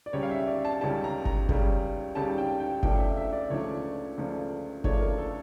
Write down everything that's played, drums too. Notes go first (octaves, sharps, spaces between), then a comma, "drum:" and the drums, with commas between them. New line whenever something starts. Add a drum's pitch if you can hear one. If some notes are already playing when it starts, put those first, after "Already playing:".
D5
C#2 C#3 G3 C#4 C#5
F5
E5
D5
A5
C#2 C#3 G3 C#4 A5
A#5
A#5, drum: kick F#1
C#2 C#3 G3 C#4, drum: kick F#1
C#2 C#3 G3 C#4 A5
G5
G5
C#2 C#3 F3 A3 D4 G5, drum: kick F#1
E5
E5
D5
C#2 C#3 F3 A3 D4 C#5
C#2 C#3 F3 A3 D4
C#2 C#3 F3 A3 D4 C#5, drum: kick F#1
A#4
A4